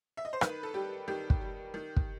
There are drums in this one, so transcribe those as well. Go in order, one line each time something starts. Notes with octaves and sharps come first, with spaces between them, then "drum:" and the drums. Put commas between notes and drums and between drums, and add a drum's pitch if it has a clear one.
E5
D#5
C5
D#3 B4, drum: rim click
A4
G3 G4
D#3 G4
drum: kick
G3
D#3
drum: kick